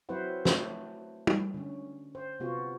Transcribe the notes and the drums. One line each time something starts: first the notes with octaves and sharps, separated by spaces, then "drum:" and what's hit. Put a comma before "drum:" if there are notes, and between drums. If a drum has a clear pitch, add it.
F#3 C4 E4 B4 C5 F#5
A3, drum: snare
drum: tom
D3 C#4
C5
C3 B3 F4 F#4